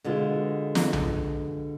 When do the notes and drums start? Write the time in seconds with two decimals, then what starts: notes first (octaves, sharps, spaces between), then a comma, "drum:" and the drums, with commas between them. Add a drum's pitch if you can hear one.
0.04 B2 D3 G#3 F4
0.75 drum: snare
0.93 drum: tom B1